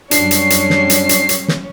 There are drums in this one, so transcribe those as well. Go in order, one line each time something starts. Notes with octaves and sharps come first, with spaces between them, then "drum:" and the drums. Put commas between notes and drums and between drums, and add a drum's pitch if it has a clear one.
F#2 F#3 G3 C#4 D4 C#5 C7, drum: hi-hat
drum: hi-hat
drum: hi-hat
drum: snare
drum: hi-hat
drum: hi-hat
drum: hi-hat
drum: snare